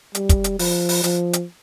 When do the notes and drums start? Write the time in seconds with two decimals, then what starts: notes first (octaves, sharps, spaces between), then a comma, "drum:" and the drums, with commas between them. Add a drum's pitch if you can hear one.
0.15 G3, drum: hi-hat
0.29 drum: kick, hi-hat
0.44 drum: hi-hat
0.59 F3, drum: open hi-hat
0.89 drum: open hi-hat
1.04 F3, drum: hi-hat
1.33 drum: hi-hat